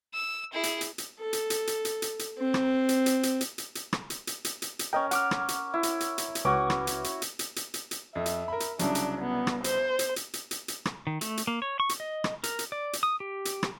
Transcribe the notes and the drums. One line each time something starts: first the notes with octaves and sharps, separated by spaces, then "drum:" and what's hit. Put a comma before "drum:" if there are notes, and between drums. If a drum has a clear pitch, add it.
E6
E4 G#4
drum: hi-hat
drum: hi-hat
drum: hi-hat
A4
drum: hi-hat
drum: hi-hat
drum: hi-hat
drum: hi-hat
drum: hi-hat
drum: hi-hat
C4
drum: rim click
drum: hi-hat
drum: hi-hat
drum: hi-hat
drum: hi-hat
drum: hi-hat
drum: hi-hat
drum: rim click
drum: hi-hat
drum: hi-hat
drum: hi-hat
drum: hi-hat
drum: hi-hat
C#4 A#4 D#5 G5
F#5 D6 F6, drum: hi-hat
drum: rim click
drum: hi-hat
E4
drum: hi-hat
drum: hi-hat
drum: hi-hat
drum: hi-hat
C#2 C#4 F#4 B4 D6
drum: rim click
drum: hi-hat
drum: hi-hat
drum: hi-hat
drum: hi-hat
drum: hi-hat
drum: hi-hat
drum: hi-hat
F2 E5
drum: hi-hat
A#4 B5
drum: hi-hat
C2 C#3 F#3 D4, drum: hi-hat
drum: hi-hat
B3
drum: rim click
C5, drum: hi-hat
drum: hi-hat
drum: hi-hat
drum: hi-hat
drum: hi-hat
drum: hi-hat
drum: rim click
D#3
A3, drum: hi-hat
drum: hi-hat
A#3
C#5
C#6
drum: hi-hat
D#5
drum: rim click
A#4, drum: hi-hat
drum: hi-hat
D5
drum: hi-hat
D#6
G4
drum: hi-hat
drum: rim click